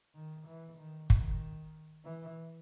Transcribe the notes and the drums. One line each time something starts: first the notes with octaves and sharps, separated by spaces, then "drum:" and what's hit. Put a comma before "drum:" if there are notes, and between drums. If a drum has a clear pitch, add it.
D#3
E3
D#3
D#3, drum: kick
E3